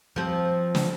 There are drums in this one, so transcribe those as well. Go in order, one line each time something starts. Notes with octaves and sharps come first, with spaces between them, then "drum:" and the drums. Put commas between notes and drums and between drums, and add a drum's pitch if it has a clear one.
F3 C4
drum: snare